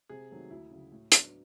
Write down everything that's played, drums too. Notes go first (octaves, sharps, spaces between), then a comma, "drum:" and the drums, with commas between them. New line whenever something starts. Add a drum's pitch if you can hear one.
C3 G#4
D#3 F#3 A3 C4
D2 E4
C#3 F#3
A2
F#3 B3 D4, drum: hi-hat